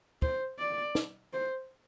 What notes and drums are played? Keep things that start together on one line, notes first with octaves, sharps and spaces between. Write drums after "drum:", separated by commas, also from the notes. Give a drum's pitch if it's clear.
C5, drum: kick
D5
drum: snare
C5